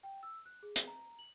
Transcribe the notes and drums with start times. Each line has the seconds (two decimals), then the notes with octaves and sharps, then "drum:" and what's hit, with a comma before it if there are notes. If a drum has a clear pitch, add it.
0.03 G5
0.23 E6
0.46 F#6
0.63 G#4
0.76 drum: hi-hat
0.87 A#5
1.19 F#7